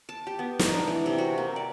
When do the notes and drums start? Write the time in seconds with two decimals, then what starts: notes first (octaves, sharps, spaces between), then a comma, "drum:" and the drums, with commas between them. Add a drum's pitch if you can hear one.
0.09 A5
0.27 G4
0.39 B3
0.59 D#4, drum: snare
0.74 D4
0.87 E3
1.06 C3
1.18 F#4
1.38 A#3
1.56 D5